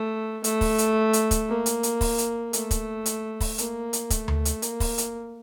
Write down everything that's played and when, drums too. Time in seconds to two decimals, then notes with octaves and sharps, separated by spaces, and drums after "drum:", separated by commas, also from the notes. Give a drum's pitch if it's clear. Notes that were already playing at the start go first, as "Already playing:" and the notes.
Already playing: A3
0.44 A3, drum: hi-hat
0.61 drum: kick, open hi-hat
0.78 drum: hi-hat
1.13 drum: hi-hat
1.31 drum: kick, hi-hat
1.49 A#3
1.66 drum: hi-hat
1.83 drum: hi-hat
2.01 drum: kick, open hi-hat
2.18 drum: hi-hat
2.53 A3, drum: hi-hat
2.71 drum: kick, hi-hat
3.06 drum: hi-hat
3.41 drum: kick, open hi-hat
3.58 A#3, drum: hi-hat
3.93 drum: hi-hat
4.10 A3, drum: kick, hi-hat
4.28 drum: tom D2
4.45 drum: hi-hat
4.62 A#3, drum: hi-hat
4.80 drum: kick, open hi-hat
4.98 drum: hi-hat